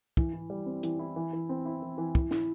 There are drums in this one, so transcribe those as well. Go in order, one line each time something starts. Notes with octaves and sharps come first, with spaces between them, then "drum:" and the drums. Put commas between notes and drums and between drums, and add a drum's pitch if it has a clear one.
E3, drum: kick
E4
G3
C4
E3, drum: hi-hat
E4
E3
E3
C4
E4
E3
E3
E3, drum: kick
E4, drum: snare